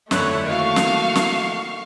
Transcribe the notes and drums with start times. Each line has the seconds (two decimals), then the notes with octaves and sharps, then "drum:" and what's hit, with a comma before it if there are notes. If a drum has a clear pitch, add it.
0.11 F2 D3 A3 E4 C#5 F#6, drum: snare
0.46 D#3 A#3 F#4 F5 C#6
0.76 drum: snare
1.15 drum: snare